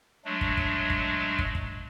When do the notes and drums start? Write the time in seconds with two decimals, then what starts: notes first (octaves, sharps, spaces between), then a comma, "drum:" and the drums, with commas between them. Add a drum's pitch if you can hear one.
0.25 F#3 G#3 A3 D4
0.41 drum: kick
0.57 drum: kick
0.90 drum: kick
1.39 drum: kick
1.55 drum: kick